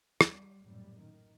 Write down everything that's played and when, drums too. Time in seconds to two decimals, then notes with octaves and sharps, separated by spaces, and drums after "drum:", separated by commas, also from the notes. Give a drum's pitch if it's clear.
0.21 G3, drum: rim click
0.62 A1 F#2 A#2 G3
1.01 D#3